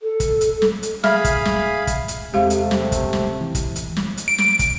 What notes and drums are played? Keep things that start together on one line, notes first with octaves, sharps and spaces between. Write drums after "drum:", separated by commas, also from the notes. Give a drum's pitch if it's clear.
A4
drum: kick, hi-hat
drum: hi-hat
drum: snare
drum: hi-hat
G#4 E5 F5 B5 F6, drum: snare
drum: kick, hi-hat
drum: snare
drum: kick, hi-hat
drum: hi-hat
E2 C3 G#3 A3 G4 F5
drum: hi-hat
drum: snare
drum: kick, hi-hat
drum: snare
E3
drum: kick, hi-hat
drum: hi-hat
drum: snare
drum: hi-hat
D7
drum: snare
drum: kick, hi-hat